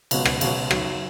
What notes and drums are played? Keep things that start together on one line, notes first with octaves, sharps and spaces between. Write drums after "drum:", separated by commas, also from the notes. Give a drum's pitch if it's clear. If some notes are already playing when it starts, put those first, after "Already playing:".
C#2 B2 F#3, drum: cymbal
drum: rim click
C#2 B2 F#3, drum: cymbal
F#2 D#3 F#3, drum: rim click